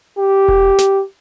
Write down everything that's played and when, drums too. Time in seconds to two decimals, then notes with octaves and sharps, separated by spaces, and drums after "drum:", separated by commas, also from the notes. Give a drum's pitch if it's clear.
0.18 G4
0.48 drum: kick E1
0.78 drum: snare